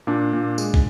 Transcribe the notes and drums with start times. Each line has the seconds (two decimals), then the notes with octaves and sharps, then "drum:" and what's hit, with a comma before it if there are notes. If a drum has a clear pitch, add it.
0.07 A#2 D4
0.33 A#2
0.58 G#3, drum: tambourine
0.74 drum: kick